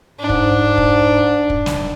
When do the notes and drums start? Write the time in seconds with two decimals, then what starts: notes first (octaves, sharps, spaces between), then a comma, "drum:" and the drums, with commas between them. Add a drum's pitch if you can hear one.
0.20 G#2 D4
0.29 drum: kick
0.78 drum: kick
1.50 drum: kick
1.66 drum: snare